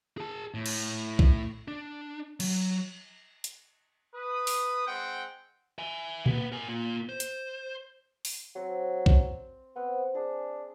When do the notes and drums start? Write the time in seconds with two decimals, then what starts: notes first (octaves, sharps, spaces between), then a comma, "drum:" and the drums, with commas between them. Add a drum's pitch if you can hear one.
0.18 G#4 A5
0.54 A2
0.66 drum: cymbal
1.19 drum: kick A#1
1.68 D4
2.40 F#3, drum: cymbal
3.44 drum: hi-hat
4.15 B4 D#6
4.47 drum: open hi-hat
4.87 G#3 C4 F#5 G5
5.79 E5 G#5
6.26 A#3 B4, drum: tom A#2
6.52 A#4 G#5
6.68 A#3 F4
7.09 C5
7.20 drum: hi-hat
8.25 drum: open hi-hat
8.55 F#3 C4
9.06 drum: kick A#1
9.76 B3 C4
10.15 D4 G#4